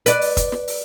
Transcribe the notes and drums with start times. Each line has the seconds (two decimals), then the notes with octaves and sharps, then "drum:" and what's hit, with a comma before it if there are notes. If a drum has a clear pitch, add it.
0.06 B4 D5, drum: hi-hat
0.21 drum: open hi-hat
0.37 drum: kick, hi-hat
0.52 drum: snare
0.68 drum: open hi-hat